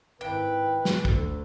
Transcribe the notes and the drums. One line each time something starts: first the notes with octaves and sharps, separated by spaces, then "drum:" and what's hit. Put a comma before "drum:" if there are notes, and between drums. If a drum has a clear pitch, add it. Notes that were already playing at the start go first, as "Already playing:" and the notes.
G#1 E4 B4 G5
drum: snare
D2 A4, drum: kick